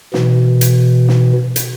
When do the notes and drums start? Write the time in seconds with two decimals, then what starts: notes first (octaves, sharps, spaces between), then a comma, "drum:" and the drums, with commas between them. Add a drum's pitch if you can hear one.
0.14 B2 E3, drum: snare
0.61 drum: hi-hat
1.08 drum: snare
1.56 drum: hi-hat